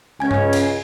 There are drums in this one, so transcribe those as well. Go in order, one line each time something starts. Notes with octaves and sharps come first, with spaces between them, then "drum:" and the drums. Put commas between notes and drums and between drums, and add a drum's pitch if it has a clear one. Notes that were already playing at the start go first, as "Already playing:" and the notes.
C#2 C#4 G#5 G#6
drum: tom G2
drum: cymbal